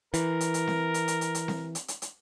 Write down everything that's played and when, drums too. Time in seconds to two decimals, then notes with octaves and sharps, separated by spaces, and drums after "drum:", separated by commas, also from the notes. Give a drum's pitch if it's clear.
0.14 E3 A#4, drum: hi-hat
0.41 drum: hi-hat
0.54 drum: hi-hat
0.67 drum: snare C4
0.94 drum: hi-hat
1.08 drum: hi-hat
1.21 drum: hi-hat
1.35 drum: hi-hat
1.48 drum: snare C4
1.75 drum: hi-hat
1.88 drum: hi-hat
2.02 drum: hi-hat